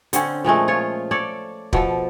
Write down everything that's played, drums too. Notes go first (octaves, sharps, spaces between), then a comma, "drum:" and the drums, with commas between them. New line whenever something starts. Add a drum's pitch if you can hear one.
D3 C4 C#4, drum: hi-hat
A#2 F3 G#3 A3
F4 C#5
A4 C#5 D5
B2 F3 A4, drum: kick